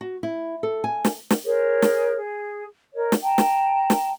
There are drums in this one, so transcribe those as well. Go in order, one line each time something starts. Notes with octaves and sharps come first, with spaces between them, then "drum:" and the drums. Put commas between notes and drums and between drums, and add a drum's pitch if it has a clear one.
F#4
E4
A4
G#5
drum: snare
drum: snare
G#4 A#4 C5 C#5
drum: snare
G#4
A#4 C#5 D#5
drum: snare
G5 A5 A#5
drum: snare
drum: snare